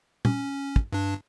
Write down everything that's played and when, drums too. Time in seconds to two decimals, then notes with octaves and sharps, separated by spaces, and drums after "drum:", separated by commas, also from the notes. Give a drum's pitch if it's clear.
0.25 C#4, drum: tom
0.76 drum: kick
0.92 G2 D4